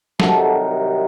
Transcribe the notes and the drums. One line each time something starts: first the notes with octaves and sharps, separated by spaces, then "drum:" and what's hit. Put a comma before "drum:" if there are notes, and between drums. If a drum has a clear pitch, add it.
C2 C3 D#3 F#3 F#4 A4, drum: snare